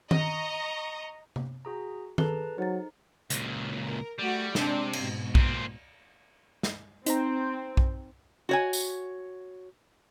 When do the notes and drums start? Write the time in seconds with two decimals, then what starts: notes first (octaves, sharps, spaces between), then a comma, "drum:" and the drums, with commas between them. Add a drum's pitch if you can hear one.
0.11 D#5 A#5 C#6, drum: tom D#3
1.36 drum: tom C3
1.65 F#4 G#4 A#5
2.18 G#4 A4 B4 A5 A#5 G7, drum: tom D#3
2.58 F#3 D#4 C5 A6
3.30 C#2 A#2, drum: hi-hat
3.85 A#4
4.19 G3 A3 F#4
4.55 C3 G#3 C4 D4, drum: snare
4.93 G#2 B2, drum: cymbal
5.35 A#2 C4, drum: kick B1
6.63 drum: snare
7.06 C4 D#4 C5 A#5, drum: hi-hat
7.77 drum: kick B1
8.49 F#4 C#5 G#5
8.73 drum: tambourine